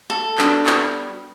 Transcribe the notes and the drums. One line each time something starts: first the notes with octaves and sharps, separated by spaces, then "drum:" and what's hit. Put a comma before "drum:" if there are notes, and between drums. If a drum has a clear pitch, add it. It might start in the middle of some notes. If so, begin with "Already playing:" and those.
A4
G3 B3 D4 F#4, drum: clap
drum: clap